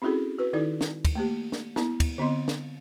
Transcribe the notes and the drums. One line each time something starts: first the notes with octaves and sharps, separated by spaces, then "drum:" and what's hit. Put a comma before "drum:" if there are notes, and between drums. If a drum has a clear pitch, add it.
C4 C#4 E4 F#4 G#4 A4
F#4 B4
D#3 D#4 E4 A4 D5
drum: snare
drum: kick, cymbal
A3 A#3 G4
drum: snare
B3 E4 A5, drum: snare
drum: kick, cymbal
D3 B3 C4 D#5 C6
drum: snare